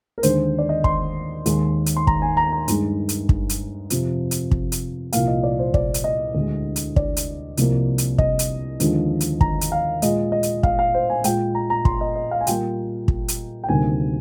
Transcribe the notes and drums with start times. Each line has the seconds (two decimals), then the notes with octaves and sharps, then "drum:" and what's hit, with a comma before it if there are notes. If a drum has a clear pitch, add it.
0.18 A#4
0.23 D#2 D3 G#3 C5, drum: hi-hat
0.59 D5
0.69 D#5
0.84 C6, drum: kick
1.46 D#2 D#3 G#3, drum: hi-hat
1.86 drum: hi-hat
1.97 C6
2.07 A#5, drum: kick
2.22 G#5
2.37 A#5
2.53 A#5
2.68 G2 D#3 G#3, drum: hi-hat
3.09 drum: hi-hat
3.29 drum: kick
3.49 drum: hi-hat
3.90 F2 C3 F3, drum: hi-hat
4.31 drum: hi-hat
4.51 drum: kick
4.72 drum: hi-hat
5.13 C2 A#2 F3 A#3 F5, drum: hi-hat
5.28 D#5
5.43 D5
5.59 C5
5.74 D5, drum: kick
5.94 drum: hi-hat
6.04 D#5
6.35 D2 D3 G#3
6.76 drum: hi-hat
6.96 D5, drum: kick
7.17 drum: hi-hat
7.57 C2 C3 F3 A#3, drum: hi-hat
7.98 drum: hi-hat
8.18 D#5, drum: kick
8.39 drum: hi-hat
8.80 D#2 D3 F3 G#3, drum: hi-hat
9.20 drum: hi-hat
9.41 A#5, drum: kick
9.61 drum: hi-hat
9.72 F5
10.02 A#2 G#3 D#5, drum: hi-hat
10.32 D#5
10.43 drum: hi-hat
10.63 F5, drum: kick
10.79 F5
10.94 C5
11.10 G#5
11.24 A#2 G#3 G5, drum: hi-hat
11.55 A#5
11.70 A#5
11.85 C6, drum: kick
12.01 D#5
12.16 D#5
12.31 F5
12.41 G#5
12.47 A#2 G3 A#3 G5, drum: hi-hat
13.08 drum: kick
13.28 drum: hi-hat
13.64 G5
13.69 D2 C3 D#3 G3 A#3 G#5